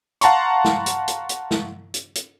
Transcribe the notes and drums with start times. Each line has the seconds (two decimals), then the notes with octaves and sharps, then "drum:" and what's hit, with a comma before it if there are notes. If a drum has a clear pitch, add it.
0.21 F5 F#5 A5 A#5 C6 C#6, drum: hi-hat
0.64 drum: snare
0.86 drum: hi-hat
1.08 drum: hi-hat
1.29 drum: hi-hat
1.51 drum: snare
1.94 drum: hi-hat
2.15 drum: hi-hat